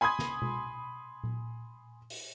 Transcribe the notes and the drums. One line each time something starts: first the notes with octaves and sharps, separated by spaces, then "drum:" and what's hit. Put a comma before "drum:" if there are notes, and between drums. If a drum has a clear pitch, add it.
G#5 B5 C6 D#6 G#6
drum: snare
drum: tom B2
drum: tom A#2
drum: open hi-hat